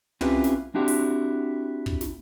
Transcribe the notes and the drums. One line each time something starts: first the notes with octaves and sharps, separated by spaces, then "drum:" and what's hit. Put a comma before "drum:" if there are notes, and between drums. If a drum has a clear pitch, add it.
C4 C#4 E4 F4 G4 B4, drum: tom
drum: snare
C4 D4 E4 F#4 G4
drum: open hi-hat
drum: kick
drum: snare